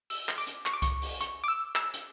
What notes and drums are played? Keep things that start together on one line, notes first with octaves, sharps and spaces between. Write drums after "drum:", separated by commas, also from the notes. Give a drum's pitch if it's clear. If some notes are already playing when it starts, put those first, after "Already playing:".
E6, drum: open hi-hat
drum: clap
D6
drum: hi-hat
C#6, drum: clap
D6
C#6, drum: kick C2, hi-hat
drum: open hi-hat
C#6, drum: hi-hat
D6
E6
E6, drum: clap
drum: hi-hat